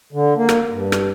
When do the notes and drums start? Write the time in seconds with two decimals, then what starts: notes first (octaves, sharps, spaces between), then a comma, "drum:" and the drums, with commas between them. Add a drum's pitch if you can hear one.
0.13 D3
0.36 A#3
0.49 drum: rim click
0.70 G2
0.92 drum: rim click